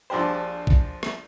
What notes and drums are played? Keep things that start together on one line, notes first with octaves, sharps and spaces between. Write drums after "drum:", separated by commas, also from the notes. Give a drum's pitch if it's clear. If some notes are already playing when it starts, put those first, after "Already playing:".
A#1 F3 D4 G4 C5
drum: kick
drum: rim click